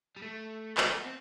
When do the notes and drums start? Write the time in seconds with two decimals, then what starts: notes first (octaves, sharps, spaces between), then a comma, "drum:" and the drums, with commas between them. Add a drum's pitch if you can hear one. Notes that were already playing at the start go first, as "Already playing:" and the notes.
0.16 G3
0.22 A3
0.77 A3, drum: clap
0.90 B3
1.02 C4